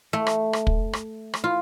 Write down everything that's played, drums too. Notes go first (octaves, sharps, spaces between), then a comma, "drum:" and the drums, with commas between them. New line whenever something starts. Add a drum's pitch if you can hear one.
A3
drum: rim click
drum: rim click
drum: kick
drum: rim click
drum: rim click
F4